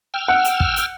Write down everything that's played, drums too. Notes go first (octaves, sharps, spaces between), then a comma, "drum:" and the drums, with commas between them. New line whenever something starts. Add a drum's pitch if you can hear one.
G5 E6 F6
F#5
drum: hi-hat
drum: kick
drum: hi-hat